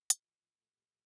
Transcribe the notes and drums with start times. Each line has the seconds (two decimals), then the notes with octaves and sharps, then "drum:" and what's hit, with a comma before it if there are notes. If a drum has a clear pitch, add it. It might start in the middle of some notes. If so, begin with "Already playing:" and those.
0.10 A2 F4, drum: hi-hat
0.26 F3
0.40 A2
0.54 A3 A4
0.70 A2 G4
0.85 F3